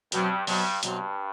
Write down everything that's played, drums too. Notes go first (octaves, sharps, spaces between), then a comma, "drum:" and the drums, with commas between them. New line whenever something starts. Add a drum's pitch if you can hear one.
G2 B2 F#3 C4, drum: hi-hat
G2 B2 F#3 C4, drum: open hi-hat
G2 B2 F#3 C4, drum: hi-hat